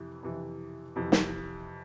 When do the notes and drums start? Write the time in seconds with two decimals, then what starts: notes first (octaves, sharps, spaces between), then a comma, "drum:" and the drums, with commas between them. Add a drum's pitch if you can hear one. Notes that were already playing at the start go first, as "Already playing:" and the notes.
Already playing: F2 C3 E3
0.23 F2 C3 E3
0.96 F2 C3 E3
1.12 drum: snare